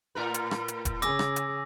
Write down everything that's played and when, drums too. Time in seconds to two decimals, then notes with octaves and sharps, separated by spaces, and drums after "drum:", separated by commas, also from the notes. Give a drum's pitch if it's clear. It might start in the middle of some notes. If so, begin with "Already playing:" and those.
0.15 A2 A#4 B4
0.34 drum: hi-hat
0.51 drum: rim click
0.68 drum: hi-hat
0.85 drum: kick D#1, hi-hat
1.02 C#3 G#4 D6 E6 A#6, drum: hi-hat
1.19 drum: rim click
1.36 drum: hi-hat